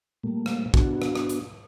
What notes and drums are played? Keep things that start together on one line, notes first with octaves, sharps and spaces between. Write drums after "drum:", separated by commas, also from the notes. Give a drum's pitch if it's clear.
A#2 G3 A3 A#3
drum: rim click
B3 D4 F#4, drum: kick
drum: rim click
drum: rim click
drum: hi-hat